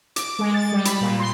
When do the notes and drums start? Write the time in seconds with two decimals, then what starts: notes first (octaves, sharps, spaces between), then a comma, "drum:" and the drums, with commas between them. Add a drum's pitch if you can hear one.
0.16 D6, drum: hi-hat
0.39 G#3
0.54 A6
0.72 G3
0.85 B5, drum: hi-hat
1.01 A#2
1.19 C6